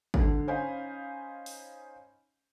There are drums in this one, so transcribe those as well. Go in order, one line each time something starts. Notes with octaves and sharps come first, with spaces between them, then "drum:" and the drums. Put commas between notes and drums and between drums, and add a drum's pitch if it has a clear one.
G#2 D3, drum: kick
C#4 D#4 C5 F5 G#5 B5
drum: open hi-hat